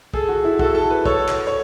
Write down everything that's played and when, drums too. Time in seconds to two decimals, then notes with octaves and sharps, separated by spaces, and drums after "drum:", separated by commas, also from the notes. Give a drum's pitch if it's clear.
0.14 G#4 A4, drum: kick
0.29 F#4
0.44 E4
0.59 F#4 A4, drum: kick
0.75 A4
0.90 B4
1.06 A4 C#5, drum: kick
1.29 drum: clap
1.47 C#5